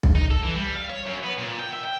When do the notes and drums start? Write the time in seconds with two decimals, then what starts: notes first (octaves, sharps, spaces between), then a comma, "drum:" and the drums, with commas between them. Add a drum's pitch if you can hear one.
0.03 drum: kick B1
0.15 D#4
0.31 A4
0.43 E3
0.55 G3
0.75 F5
0.90 C#5
1.06 F#2
1.24 B3
1.39 A#2
1.59 G5
1.73 E5
1.85 G5